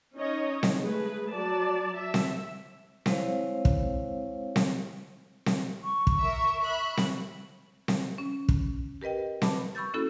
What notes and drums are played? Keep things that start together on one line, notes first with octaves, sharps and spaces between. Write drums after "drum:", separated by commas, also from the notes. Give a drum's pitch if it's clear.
C#4 D#4 C#5 D#5
drum: snare C4
G#3 A3 G#4 B4
F#3 D5 A5
E5
drum: snare C4
G#3 C4 E4 C5 C#5 F5, drum: snare C4
drum: kick
drum: snare C4
drum: snare C4
C#6
drum: kick
A#4 E5
E5 B5 F#6
drum: snare C4
drum: snare C4
C#4
drum: kick
G4 A#4 B4 D#5 G5
B4 A5 B5 D6, drum: snare C4
B5 C#6 E6 G6 A6
A#3 C#4 E4 F#4 A4